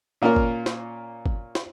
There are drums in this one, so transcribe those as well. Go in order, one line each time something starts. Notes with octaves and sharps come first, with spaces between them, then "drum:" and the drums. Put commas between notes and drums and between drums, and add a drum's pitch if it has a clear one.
A#2 A#3 C#4 F4 A#4
drum: kick
drum: snare
drum: kick
drum: snare